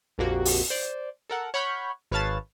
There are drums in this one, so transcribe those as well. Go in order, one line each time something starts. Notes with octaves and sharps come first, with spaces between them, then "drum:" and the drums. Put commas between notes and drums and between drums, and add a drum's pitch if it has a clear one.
A#1 F2 C3 A#3 F#4
drum: open hi-hat
C5 D5
A4 A#4 F#5
C#5 F#5 B5 C#6 F6 G6
G#1 B4 C#5 F5 A5 A6